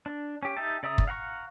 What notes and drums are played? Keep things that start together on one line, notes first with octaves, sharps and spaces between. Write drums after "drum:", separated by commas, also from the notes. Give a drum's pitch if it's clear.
D4
C#4 G4
D#4 G4 E5 A5
C#3 D5 E5 A#5 D#6
drum: kick
F5 F#5 A#5 C#6